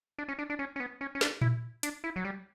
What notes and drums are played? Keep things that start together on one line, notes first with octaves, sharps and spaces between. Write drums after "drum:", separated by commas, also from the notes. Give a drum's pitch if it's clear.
D4
C#4
D4
D4
C#4
C#4
B3
C#4
C#4
D4, drum: snare
E4, drum: tom A#2
D4, drum: hi-hat
E4
F#3
G3